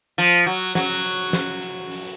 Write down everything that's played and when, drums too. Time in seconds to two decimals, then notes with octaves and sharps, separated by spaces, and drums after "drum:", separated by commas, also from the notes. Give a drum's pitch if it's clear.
0.18 F3
0.46 F#3
0.75 F#3, drum: snare
1.04 drum: hi-hat
1.33 drum: snare
1.62 drum: hi-hat
1.91 drum: open hi-hat